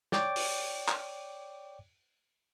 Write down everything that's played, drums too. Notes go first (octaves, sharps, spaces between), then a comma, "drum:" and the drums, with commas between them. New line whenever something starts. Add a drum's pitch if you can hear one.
C#5 D5 G5 D6, drum: snare
drum: open hi-hat
drum: clap